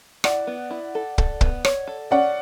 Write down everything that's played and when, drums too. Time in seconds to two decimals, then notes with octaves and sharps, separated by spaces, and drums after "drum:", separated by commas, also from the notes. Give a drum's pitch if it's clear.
0.24 E4 D5 F#5, drum: rim click
0.47 B3
0.71 E4
0.95 A4
1.18 A4, drum: kick
1.41 B3, drum: kick
1.65 C#5, drum: rim click
1.87 A4
2.11 C#4 D5 F#5